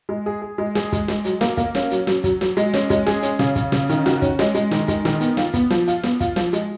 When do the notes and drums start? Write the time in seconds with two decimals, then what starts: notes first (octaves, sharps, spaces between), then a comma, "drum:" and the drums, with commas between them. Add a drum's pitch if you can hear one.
0.09 G#3
0.26 G#4
0.42 G#4
0.58 G#3
0.75 G#4, drum: snare
0.92 G#3, drum: kick, hi-hat
1.08 G#3, drum: snare
1.25 F#3, drum: hi-hat
1.41 A#3, drum: snare
1.57 A#3, drum: kick, hi-hat
1.75 C#4, drum: snare
1.91 F#3, drum: hi-hat
2.07 F#3, drum: snare
2.24 F#3, drum: kick, hi-hat
2.41 F#3, drum: snare
2.57 G#3, drum: hi-hat
2.74 C#4, drum: snare
2.90 G#3, drum: kick, hi-hat
3.06 G#4, drum: snare
3.22 C#4, drum: hi-hat
3.39 C#3, drum: snare
3.55 C#3, drum: kick, hi-hat
3.72 C#3, drum: snare
3.89 D#3, drum: hi-hat
4.06 F#4, drum: snare
4.22 C#4, drum: kick, hi-hat
4.39 G#3, drum: snare
4.55 G#3, drum: hi-hat
4.71 D#3, drum: snare
4.88 G#3, drum: kick, hi-hat
5.05 D#3, drum: snare
5.21 B3, drum: hi-hat
5.37 F4, drum: snare
5.54 B3, drum: kick, hi-hat
5.70 F3, drum: snare
5.88 F4, drum: hi-hat
6.03 B3, drum: snare
6.20 F4, drum: kick, hi-hat
6.36 F3, drum: snare
6.53 G#3, drum: hi-hat